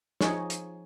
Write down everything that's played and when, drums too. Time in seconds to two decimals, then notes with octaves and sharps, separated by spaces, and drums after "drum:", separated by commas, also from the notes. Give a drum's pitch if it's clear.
0.21 F3 D#4 G#4 C#5, drum: snare
0.50 drum: hi-hat